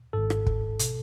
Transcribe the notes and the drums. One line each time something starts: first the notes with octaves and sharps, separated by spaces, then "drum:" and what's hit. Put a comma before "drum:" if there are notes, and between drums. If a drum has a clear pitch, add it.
G#1 G#2 A4
drum: rim click
drum: kick
B2, drum: hi-hat